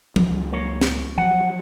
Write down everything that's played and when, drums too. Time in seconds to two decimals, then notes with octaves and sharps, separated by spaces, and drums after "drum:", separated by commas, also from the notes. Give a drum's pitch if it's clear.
0.16 C#2 F3 F#3, drum: tom
0.52 A#3 C#5
0.81 drum: snare
1.18 F3 F#3 F#5